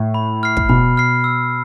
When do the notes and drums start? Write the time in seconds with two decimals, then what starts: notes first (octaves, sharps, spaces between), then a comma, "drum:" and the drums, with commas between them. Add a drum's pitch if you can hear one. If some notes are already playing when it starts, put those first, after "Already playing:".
Already playing: A2
0.14 B5
0.43 F6 C7
0.57 drum: kick
0.69 B2 B5
0.97 F6 C7
1.24 E6